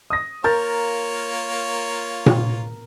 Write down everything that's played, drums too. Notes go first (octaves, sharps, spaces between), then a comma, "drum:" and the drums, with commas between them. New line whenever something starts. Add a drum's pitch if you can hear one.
D#6 A#6
A#3 F4 A#4 C#5 A#5 G6 A6
drum: tom A#2